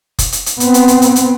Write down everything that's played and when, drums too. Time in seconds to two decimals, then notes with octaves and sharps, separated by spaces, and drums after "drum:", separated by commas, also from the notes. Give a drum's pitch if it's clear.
0.19 drum: kick F1, hi-hat
0.32 drum: hi-hat
0.46 drum: hi-hat
0.60 B3 C4, drum: hi-hat
0.74 drum: hi-hat
0.88 drum: hi-hat
1.02 drum: hi-hat
1.16 drum: hi-hat